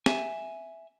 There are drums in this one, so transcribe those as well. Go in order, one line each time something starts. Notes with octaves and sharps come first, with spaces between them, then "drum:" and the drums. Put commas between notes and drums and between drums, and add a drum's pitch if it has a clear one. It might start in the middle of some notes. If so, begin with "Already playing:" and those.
E5 G#5, drum: snare